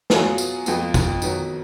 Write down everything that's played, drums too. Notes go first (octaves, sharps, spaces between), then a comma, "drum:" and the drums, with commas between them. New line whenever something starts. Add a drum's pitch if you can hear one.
F#3 B3 F4 G#4, drum: snare
drum: tambourine
F2 F3 B3 F4, drum: tambourine
drum: kick, tambourine
D#3 F#3 B3, drum: tambourine